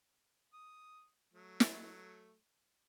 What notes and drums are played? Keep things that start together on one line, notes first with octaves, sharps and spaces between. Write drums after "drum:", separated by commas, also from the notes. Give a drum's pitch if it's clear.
D#6
F#3 A3
drum: snare